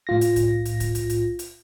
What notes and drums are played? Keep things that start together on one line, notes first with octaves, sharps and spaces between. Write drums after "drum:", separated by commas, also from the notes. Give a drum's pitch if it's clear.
A2 F4 A#6
drum: hi-hat
drum: kick C2, hi-hat
drum: hi-hat
drum: kick C2, hi-hat
drum: hi-hat
drum: hi-hat
drum: hi-hat